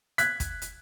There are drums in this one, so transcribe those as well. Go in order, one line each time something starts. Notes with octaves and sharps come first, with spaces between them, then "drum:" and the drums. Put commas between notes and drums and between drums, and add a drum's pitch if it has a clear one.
F#6 G#6 B6, drum: hi-hat
drum: kick, hi-hat
drum: hi-hat